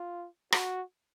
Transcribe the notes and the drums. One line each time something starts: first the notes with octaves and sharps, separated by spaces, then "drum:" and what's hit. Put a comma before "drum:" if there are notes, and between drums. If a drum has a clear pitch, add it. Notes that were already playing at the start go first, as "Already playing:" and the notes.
Already playing: F4
F#4, drum: rim click